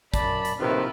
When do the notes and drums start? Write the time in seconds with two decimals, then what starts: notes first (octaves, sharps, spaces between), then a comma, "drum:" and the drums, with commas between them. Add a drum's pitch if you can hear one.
0.14 F#2 D5 A5 B5, drum: kick A1, hi-hat
0.45 drum: hi-hat
0.59 A#1 A2 C3 D#3 E4 F4 B4